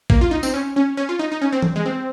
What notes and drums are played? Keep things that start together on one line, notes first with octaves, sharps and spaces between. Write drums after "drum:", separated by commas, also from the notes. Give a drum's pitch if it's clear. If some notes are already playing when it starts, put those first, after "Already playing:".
A#3, drum: kick A1
F4
D#4
C4, drum: tambourine
C#4
C#4
C#4
F4
D#4
D#4
C#4
C4
drum: tom E3
G#3
C4